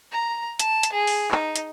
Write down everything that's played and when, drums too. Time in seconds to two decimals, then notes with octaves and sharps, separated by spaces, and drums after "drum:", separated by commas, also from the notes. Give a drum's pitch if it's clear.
0.12 A#5
0.59 A5, drum: hi-hat
0.83 drum: hi-hat
0.93 G#4
1.07 drum: open hi-hat
1.31 D#4, drum: clap
1.56 drum: hi-hat